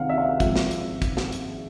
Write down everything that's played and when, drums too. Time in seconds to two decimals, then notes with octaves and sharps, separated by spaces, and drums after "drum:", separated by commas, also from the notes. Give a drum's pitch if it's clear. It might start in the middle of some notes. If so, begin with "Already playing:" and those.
Already playing: C#2 C3 D#3 F5 F#5
0.09 E5
0.18 F5
0.25 E5
0.40 G#1 G#2 F3, drum: kick, hi-hat
0.56 drum: snare
0.71 drum: hi-hat
1.02 drum: kick, hi-hat
1.17 drum: snare
1.32 drum: hi-hat